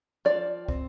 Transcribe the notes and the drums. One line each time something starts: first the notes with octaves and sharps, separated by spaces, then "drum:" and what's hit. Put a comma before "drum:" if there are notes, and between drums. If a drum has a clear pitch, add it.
F3 D5
C4, drum: kick